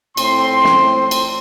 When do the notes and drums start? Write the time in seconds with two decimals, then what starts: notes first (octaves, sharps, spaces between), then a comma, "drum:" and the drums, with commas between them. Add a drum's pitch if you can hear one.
0.17 A2 C4 C6, drum: cymbal
0.64 drum: snare
1.11 drum: cymbal